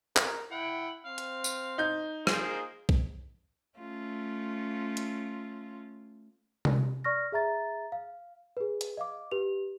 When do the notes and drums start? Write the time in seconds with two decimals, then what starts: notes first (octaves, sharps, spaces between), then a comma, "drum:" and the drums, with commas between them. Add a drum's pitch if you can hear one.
0.17 A#4, drum: clap
0.52 E4 F#5 G5
1.06 C4 F5
1.18 drum: hi-hat
1.44 drum: tambourine
1.78 D#4 G6
2.27 A#3 F4 G#4 C5, drum: rim click
2.89 drum: kick B1
3.78 A3 C#4 F4
4.97 drum: hi-hat
6.65 drum: tom C3
7.04 D5 C#6 F6 A#6
7.32 G#4 E5 A#5 A6
7.92 F5
8.57 G#4 B4
8.81 drum: hi-hat
8.97 D#5 F5 D6
9.31 G4 B4 F7